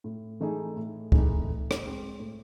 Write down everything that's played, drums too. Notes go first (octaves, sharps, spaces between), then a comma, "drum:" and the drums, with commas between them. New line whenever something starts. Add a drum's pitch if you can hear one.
A2
E3 A3 D#4 G#4
A2
E3 A3 D#4 G#4, drum: kick
A2
drum: rim click
G#3 C4
A2